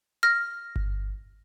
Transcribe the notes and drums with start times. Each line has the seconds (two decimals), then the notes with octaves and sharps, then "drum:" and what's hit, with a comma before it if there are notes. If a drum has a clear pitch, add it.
0.23 F6 A#6
0.76 drum: kick G1